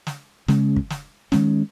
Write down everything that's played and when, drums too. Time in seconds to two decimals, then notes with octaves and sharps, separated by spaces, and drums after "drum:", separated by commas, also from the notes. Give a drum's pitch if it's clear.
0.07 drum: snare
0.48 C#3 G#3 C#4, drum: snare
0.76 drum: kick
0.90 drum: snare
1.32 D#3 G#3 C#4, drum: snare